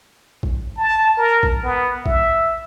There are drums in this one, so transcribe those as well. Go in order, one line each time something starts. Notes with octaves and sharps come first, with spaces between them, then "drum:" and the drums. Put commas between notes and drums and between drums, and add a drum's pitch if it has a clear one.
drum: kick
A5
A#4
drum: kick
B3
E5, drum: kick